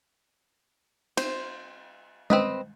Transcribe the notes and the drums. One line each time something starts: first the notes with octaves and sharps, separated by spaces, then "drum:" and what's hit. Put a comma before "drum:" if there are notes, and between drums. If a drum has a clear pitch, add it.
C5, drum: cymbal
C4 B4 D#5, drum: tom G#3